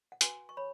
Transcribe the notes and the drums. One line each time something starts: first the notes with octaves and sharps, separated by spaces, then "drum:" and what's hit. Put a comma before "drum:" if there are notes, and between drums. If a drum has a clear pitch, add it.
F#5
F#4 B4 G#5, drum: hi-hat
C#6
C#5 B5